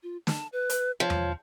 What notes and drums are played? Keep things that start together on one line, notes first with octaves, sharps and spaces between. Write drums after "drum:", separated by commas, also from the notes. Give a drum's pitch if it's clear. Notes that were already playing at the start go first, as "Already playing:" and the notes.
F4
A5, drum: snare
B4
drum: hi-hat
F3 C#5
drum: tom E2